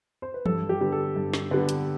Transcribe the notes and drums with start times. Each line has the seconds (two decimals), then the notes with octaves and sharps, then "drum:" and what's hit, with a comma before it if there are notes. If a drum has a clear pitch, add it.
0.22 C5
0.34 B4
0.46 G2 A4, drum: tom E3
0.69 G4
0.81 D3 G3 B3
0.92 A4
1.16 G2
1.34 drum: snare
1.51 D3 G3 B3 B4
1.69 drum: hi-hat